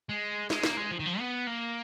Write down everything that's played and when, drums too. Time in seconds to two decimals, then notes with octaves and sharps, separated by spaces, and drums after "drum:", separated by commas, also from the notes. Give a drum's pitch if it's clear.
0.09 G#3
0.50 G#3, drum: snare
0.63 A#3, drum: snare
0.77 G#3
0.91 F3
0.99 D#3
1.06 F3
1.19 B3
1.47 A#3